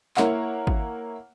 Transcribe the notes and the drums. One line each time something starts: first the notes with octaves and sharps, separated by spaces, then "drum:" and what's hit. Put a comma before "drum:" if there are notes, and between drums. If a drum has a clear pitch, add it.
A#3 E4 C#5 F#5, drum: clap
drum: kick G#1